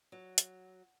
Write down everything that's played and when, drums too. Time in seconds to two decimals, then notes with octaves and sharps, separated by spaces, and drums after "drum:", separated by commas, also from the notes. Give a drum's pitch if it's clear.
0.12 F#3
0.38 drum: hi-hat